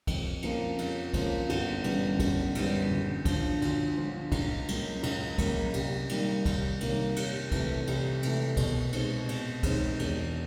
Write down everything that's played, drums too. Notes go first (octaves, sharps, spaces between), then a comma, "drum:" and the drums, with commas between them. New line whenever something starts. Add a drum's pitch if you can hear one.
F2, drum: kick, cymbal
C#3 F3 A#3, drum: cymbal
F2, drum: cymbal
C#3 F3 A#3, drum: kick, cymbal
G1, drum: cymbal
F#2 C#3 E3 G3, drum: cymbal
G1, drum: kick, cymbal
F#2 C#3 E3 G3, drum: cymbal
D2
D3 F3, drum: kick, cymbal
D2, drum: cymbal
D3 F3
C#2, drum: kick, cymbal
C#3 F#3 A#3, drum: cymbal
C#2, drum: cymbal
C#3 F#3 A#3, drum: kick, cymbal
C2, drum: cymbal
C3 D#3 G3 A#3, drum: cymbal
C2, drum: kick, cymbal
C3 D#3 G3 A#3, drum: cymbal
C2, drum: cymbal
C3 E3 A3, drum: kick, cymbal
C2, drum: cymbal
C3 E3 A3, drum: cymbal
B2, drum: kick, cymbal
G#3 C4 D#4, drum: cymbal
B2, drum: cymbal
G#3 C4 D#4, drum: kick, cymbal
E1, drum: cymbal